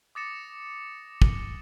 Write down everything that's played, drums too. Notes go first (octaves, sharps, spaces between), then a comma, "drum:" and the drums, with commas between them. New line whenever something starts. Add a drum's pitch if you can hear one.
D6 D#6 A6 A#6 C#7 E7
drum: kick